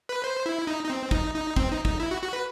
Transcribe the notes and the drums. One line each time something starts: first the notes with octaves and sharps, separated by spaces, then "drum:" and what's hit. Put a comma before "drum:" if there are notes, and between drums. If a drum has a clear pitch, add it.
B4
C5
E4
D#4
D#4
C4
D#4, drum: kick
D#4
C4, drum: kick
D#4
D#4, drum: kick
E4
F#4
F#4
B4